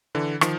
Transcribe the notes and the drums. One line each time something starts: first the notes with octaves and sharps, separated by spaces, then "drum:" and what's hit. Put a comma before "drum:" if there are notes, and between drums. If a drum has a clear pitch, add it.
D3 E3
D#3 F3, drum: rim click